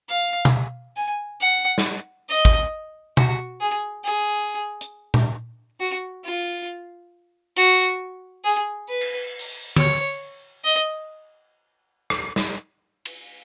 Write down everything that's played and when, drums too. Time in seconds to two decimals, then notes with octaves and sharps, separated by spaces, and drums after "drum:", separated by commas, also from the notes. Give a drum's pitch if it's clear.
0.09 F5
0.45 drum: tom B2
0.96 G#5
1.41 F#5
1.78 drum: snare
2.29 D#5
2.45 drum: kick
3.17 F#4, drum: tom B2
3.60 G#4
4.04 G#4
4.81 drum: hi-hat
5.14 drum: tom A#2
5.80 F#4
6.25 F4
7.56 F#4
8.44 G#4
8.88 B4
9.01 drum: cymbal
9.39 drum: open hi-hat
9.76 C#5, drum: tom D3
10.64 D#5
12.10 drum: rim click
12.36 drum: snare
13.05 drum: cymbal